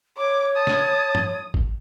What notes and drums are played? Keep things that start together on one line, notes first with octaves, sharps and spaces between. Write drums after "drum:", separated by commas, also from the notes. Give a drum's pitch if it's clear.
C#5 D6
A5 D#6
drum: snare
drum: tom G2
drum: kick G#1